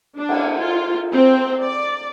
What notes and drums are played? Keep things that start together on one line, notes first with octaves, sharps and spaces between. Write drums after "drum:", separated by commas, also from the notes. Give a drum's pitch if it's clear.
D4
drum: cymbal
F4
C4
D5